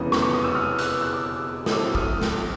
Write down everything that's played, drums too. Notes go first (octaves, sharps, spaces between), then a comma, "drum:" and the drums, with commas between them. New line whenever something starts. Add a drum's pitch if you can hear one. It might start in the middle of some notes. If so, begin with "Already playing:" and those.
Already playing: F1 E2 C#3 E3 D#6
C#6, drum: snare
D6
D#6
E6
D#6 F6
E6 F#6, drum: hi-hat
E6 F#6
D6 E6
D#6, drum: snare
A2 F#3 A3 C4 D6 E6
D#6 F6, drum: kick
drum: snare